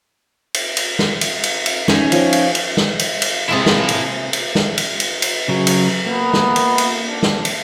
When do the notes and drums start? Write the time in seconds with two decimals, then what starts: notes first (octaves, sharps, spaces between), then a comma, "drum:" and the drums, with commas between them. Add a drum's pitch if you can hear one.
0.54 drum: cymbal
0.77 drum: cymbal
0.99 drum: snare
1.21 drum: cymbal
1.43 drum: cymbal
1.66 drum: cymbal
1.88 C#4 D#4, drum: snare
2.12 F3 C#5 G5, drum: cymbal
2.33 drum: cymbal
2.55 drum: cymbal
2.77 drum: snare
2.99 drum: cymbal
3.22 drum: cymbal
3.49 C3 G#3 A#3 E4 A5
3.66 drum: snare
3.89 drum: cymbal
4.33 drum: cymbal
4.55 drum: snare
4.78 drum: cymbal
5.00 drum: cymbal
5.22 drum: cymbal
5.48 C#3 F#3
5.67 drum: cymbal
6.06 A#3 B3
6.34 drum: snare
6.56 drum: cymbal
6.78 drum: cymbal
7.06 D4
7.23 drum: snare
7.45 drum: cymbal